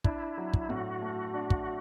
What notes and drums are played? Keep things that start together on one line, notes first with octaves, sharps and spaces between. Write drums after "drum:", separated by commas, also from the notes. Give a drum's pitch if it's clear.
D4 E4, drum: kick
F#3
drum: kick
A2 F#4
A3
D4
drum: kick